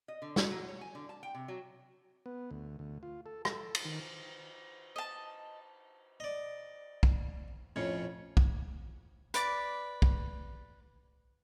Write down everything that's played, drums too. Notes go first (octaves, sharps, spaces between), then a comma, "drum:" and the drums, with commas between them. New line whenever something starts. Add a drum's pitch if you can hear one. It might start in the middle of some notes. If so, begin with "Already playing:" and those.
D#5
D3
F#4, drum: snare
F#3
C#5
G#5
D3
A5
G5
C3
F#3
B3
D2
D2
F4
A4
A4, drum: rim click
drum: cymbal
D#3
D#5 A5
D5 D#5
drum: kick
F2 A2 C#4
drum: kick
B4 D5 D6, drum: hi-hat
drum: kick